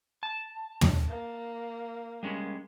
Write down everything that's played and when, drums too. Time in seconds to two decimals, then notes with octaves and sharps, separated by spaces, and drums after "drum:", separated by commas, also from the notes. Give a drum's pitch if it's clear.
0.23 A5
0.81 drum: tom
1.09 A#3
2.23 G3 G#3 C#4